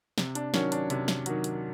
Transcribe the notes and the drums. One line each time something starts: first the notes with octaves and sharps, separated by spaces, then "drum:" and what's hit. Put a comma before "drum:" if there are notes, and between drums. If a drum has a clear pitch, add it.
C3, drum: snare
D4, drum: hi-hat
D#3 F#3 C#4, drum: snare
D4, drum: hi-hat
C3, drum: hi-hat
drum: snare
D#3 F#3, drum: hi-hat
drum: hi-hat